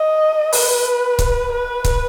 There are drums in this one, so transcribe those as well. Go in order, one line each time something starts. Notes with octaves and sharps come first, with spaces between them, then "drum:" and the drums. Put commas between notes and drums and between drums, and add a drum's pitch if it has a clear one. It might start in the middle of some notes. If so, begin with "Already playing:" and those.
Already playing: D#5
B4, drum: open hi-hat
drum: kick C#1, hi-hat
B4
drum: kick C#1, hi-hat